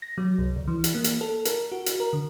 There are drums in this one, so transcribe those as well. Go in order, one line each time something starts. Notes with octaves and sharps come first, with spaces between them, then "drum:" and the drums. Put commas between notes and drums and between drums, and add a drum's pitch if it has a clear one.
A#6
F#3
C2
C#2
E3
drum: hi-hat
A#3
drum: hi-hat
A4
A#4, drum: hi-hat
F#4
drum: hi-hat
A#4
D3